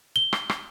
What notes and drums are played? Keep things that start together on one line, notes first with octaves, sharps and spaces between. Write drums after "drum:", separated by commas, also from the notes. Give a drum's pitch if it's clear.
G7
drum: rim click
drum: rim click